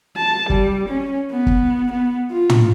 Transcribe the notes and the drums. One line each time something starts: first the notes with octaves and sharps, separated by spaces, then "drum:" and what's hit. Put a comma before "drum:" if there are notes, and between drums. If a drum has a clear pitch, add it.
A5
G3, drum: kick
C#4
B3
drum: kick
B3
F4
drum: tom